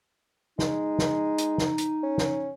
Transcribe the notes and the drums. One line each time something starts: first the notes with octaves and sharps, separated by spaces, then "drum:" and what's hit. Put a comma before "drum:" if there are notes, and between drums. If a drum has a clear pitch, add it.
G#3 D#4, drum: snare
drum: snare
drum: hi-hat
drum: snare
drum: hi-hat
C#4
drum: snare